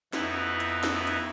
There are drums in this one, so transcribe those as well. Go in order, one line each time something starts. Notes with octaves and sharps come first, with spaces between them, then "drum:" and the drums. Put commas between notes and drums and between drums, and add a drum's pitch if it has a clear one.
F2 B3 D#4 E4, drum: snare
drum: hi-hat
drum: snare
drum: hi-hat